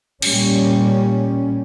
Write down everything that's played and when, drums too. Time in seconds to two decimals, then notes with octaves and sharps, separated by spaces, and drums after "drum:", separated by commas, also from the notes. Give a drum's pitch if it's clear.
0.22 A#2 G3 C#4, drum: cymbal